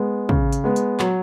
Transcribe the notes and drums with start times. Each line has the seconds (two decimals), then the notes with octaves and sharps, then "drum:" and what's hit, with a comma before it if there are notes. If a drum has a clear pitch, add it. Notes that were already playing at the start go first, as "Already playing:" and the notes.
Already playing: G#3 B3
0.29 C#3, drum: kick
0.53 drum: hi-hat
0.64 G#3 B3
0.76 drum: hi-hat
1.00 F#3, drum: clap